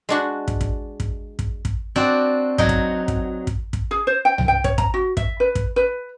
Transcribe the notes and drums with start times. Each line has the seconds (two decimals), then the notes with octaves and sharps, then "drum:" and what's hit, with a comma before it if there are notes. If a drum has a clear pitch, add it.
0.09 G#3 D4 F#4
0.48 drum: kick
0.61 drum: kick
1.00 drum: kick
1.39 drum: kick
1.65 drum: kick
1.96 C4 D4 F#4 D5
2.58 F#3 D#4, drum: kick
2.69 drum: kick
3.08 drum: kick
3.47 drum: kick
3.73 drum: kick
3.91 G#4
4.07 C5
4.25 G5
4.38 drum: tom C2
4.48 G5
4.64 C#5, drum: kick
4.78 A#5, drum: kick
4.94 F#4
5.17 E5, drum: kick
5.40 B4
5.55 drum: kick
5.76 B4